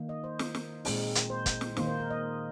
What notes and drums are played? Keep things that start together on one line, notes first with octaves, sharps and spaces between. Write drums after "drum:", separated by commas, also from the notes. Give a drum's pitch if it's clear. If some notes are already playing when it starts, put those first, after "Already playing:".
Already playing: D#3 A#3 D#4
D#5
C5
drum: snare
drum: snare
A#2 G#3 C4 D#4, drum: open hi-hat
drum: hi-hat
C5
drum: kick, hi-hat
drum: snare
D#3 A#3 D#4 C5, drum: snare
C5
A#4
D#5